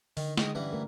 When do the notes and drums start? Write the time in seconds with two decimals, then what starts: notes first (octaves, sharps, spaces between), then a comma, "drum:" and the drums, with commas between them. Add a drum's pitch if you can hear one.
0.17 D3 D#3, drum: open hi-hat
0.37 G#2 D#3 D#5, drum: snare
0.55 G2 E3 C#4 F#5
0.73 A3 A#4